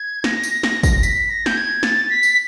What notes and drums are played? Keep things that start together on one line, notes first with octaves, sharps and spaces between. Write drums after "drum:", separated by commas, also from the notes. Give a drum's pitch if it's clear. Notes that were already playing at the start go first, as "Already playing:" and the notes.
Already playing: G#6
A#6, drum: snare
drum: tambourine
drum: snare
drum: kick, tambourine
B6, drum: tambourine
A#6
G6, drum: snare
G#6
A6, drum: snare
B6
drum: tambourine